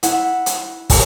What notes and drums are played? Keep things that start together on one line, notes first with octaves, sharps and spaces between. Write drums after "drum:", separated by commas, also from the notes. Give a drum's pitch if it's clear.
E4 F#5, drum: hi-hat
drum: hi-hat
drum: kick, open hi-hat